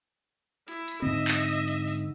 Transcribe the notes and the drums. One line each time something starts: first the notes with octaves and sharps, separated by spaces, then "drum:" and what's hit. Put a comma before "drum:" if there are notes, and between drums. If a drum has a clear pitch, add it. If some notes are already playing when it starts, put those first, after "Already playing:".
E4, drum: hi-hat
drum: hi-hat
G#2 D3 C4 D#4 D#5 E5
drum: clap
drum: hi-hat
drum: hi-hat
drum: hi-hat